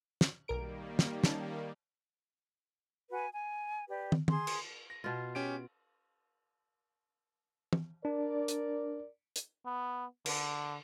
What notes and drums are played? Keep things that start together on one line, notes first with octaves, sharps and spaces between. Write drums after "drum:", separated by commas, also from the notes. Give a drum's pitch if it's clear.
drum: snare
B1 D#3 G3 A#3 A#4 D7
drum: snare
C#4 D#4 A5, drum: snare
F#4 B4 G#5
G#5
G4 B4 D5
drum: tom
G#4 C6, drum: tom
drum: cymbal
A#6
B2 F4
C#4 G4 D7
drum: tom
D4 A#4 D5
drum: hi-hat
drum: hi-hat
B3
D3, drum: cymbal